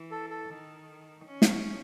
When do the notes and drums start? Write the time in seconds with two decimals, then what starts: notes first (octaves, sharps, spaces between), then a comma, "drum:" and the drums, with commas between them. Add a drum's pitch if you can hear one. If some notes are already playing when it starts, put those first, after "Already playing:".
Already playing: E3
0.11 A4
0.30 A4
0.49 D#3
1.25 C#4
1.42 drum: snare